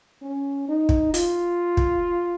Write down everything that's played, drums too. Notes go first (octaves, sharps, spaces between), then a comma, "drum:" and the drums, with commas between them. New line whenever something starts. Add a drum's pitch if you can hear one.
C#4
D#4
drum: kick
F4, drum: hi-hat
drum: kick